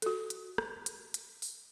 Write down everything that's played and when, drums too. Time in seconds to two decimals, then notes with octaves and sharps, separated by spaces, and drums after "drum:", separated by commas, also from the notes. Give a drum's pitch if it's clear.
0.02 F#4 A4, drum: hi-hat
0.30 drum: hi-hat
0.58 drum: rim click
0.86 drum: hi-hat
1.14 drum: hi-hat
1.42 drum: open hi-hat